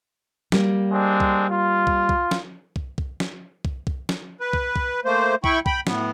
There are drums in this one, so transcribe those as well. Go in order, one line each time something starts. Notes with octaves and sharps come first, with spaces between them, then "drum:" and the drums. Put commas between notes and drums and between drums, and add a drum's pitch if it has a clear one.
G3 A#3, drum: snare
G#3 C4 D4
drum: kick
F4
drum: kick
drum: kick
drum: snare
drum: kick
drum: kick
drum: snare
drum: kick
drum: kick
drum: snare
B4
drum: kick
drum: kick
A3 A#3 C5
E4 G5 B5 C#6, drum: kick
G5 B5, drum: kick
A2 B3, drum: snare